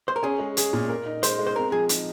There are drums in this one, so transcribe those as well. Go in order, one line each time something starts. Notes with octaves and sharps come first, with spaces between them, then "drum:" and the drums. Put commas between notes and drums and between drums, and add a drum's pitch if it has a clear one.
C5
A#4
C#4 G#4
G#3
G#4, drum: hi-hat
A#2
A#4
D#4
G#3 C5, drum: hi-hat
G#3
C5
C4 A#4
F3 G#4
D#4, drum: hi-hat